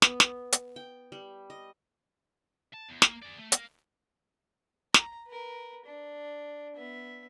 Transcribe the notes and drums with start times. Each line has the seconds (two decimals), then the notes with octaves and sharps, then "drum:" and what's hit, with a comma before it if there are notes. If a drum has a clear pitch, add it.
0.02 B3, drum: snare
0.20 drum: snare
0.52 drum: hi-hat
0.76 G5
1.12 G3
1.50 D#5
2.74 A5
2.89 E2
3.02 A#3, drum: snare
3.22 G#4 D5
3.38 A3
3.52 A#4 F5, drum: hi-hat
4.94 A#5, drum: snare
5.27 A#4 B4
5.85 D4
6.76 B3 E5